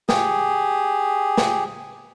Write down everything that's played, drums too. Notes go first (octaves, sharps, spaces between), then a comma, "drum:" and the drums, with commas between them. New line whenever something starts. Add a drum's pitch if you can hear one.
G4 G#4, drum: snare
drum: snare